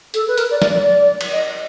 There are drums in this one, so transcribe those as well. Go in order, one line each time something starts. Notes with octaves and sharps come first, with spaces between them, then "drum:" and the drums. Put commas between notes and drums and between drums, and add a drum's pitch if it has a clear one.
A4, drum: hi-hat
B4
A#4, drum: hi-hat
D5
D5, drum: snare
D5
D5
drum: cymbal
D#5